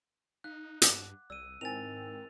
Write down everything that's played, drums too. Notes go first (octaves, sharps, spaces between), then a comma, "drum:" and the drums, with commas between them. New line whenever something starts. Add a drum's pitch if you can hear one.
D#4 F5 F#6
G2 F#5 D6, drum: hi-hat
C2 D5 E6 D#7
G#2 D#3 C4 E4 C5 G#5 A6 F7